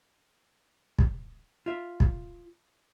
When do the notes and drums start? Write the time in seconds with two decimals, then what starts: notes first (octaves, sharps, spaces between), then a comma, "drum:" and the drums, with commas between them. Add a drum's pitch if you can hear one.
0.99 drum: kick
1.66 F4 E5
2.00 drum: kick